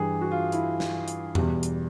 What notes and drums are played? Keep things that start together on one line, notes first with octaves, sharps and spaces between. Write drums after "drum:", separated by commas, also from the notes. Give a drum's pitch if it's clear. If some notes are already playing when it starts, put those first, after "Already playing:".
Already playing: G2 E3 G3 G#4
F#4
F4
E4, drum: hi-hat
drum: snare
drum: hi-hat
E2 B2 G3, drum: tom E2
drum: hi-hat